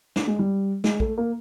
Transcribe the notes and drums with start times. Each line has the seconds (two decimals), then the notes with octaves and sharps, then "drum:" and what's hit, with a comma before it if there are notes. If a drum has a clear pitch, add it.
0.16 D4, drum: snare
0.27 G#3
0.39 G3
0.84 G#3, drum: snare
1.00 A3, drum: kick
1.18 A#3